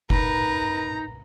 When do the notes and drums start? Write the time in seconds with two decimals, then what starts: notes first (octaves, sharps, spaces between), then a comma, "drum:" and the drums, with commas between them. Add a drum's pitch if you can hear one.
0.10 D#4 A#4 B4 A#5, drum: kick F#1